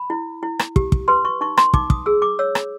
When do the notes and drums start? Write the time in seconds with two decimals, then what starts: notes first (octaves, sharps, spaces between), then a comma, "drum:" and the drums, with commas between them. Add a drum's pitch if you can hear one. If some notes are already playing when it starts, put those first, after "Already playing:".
Already playing: B5
0.10 E4
0.43 E4
0.59 drum: rim click
0.76 G4, drum: kick
0.92 drum: kick
1.08 B4 C6
1.25 C#6
1.41 D#4 C#6
1.57 C6, drum: rim click
1.74 D#4 D6, drum: kick
1.90 D#6, drum: kick
2.06 G#4 E6
2.22 D6
2.39 C#5 E6
2.55 drum: rim click